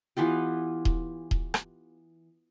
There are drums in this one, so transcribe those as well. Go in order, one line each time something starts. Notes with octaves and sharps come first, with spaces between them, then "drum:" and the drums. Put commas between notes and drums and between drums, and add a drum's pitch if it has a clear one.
E3 B3 F4 G4
drum: kick D#1
drum: kick D#1
drum: rim click